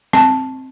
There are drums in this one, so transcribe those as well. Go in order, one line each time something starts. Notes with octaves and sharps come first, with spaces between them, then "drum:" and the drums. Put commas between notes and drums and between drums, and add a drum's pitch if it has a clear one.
C4, drum: rim click